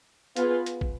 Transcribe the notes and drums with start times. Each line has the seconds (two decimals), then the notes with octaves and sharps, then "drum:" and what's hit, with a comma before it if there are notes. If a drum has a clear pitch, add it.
0.36 B3 F4 G#4 B4, drum: hi-hat
0.66 drum: hi-hat
0.81 drum: kick